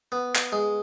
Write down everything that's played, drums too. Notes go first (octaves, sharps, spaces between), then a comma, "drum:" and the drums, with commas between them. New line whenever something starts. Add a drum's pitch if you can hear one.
B3
drum: clap
G#3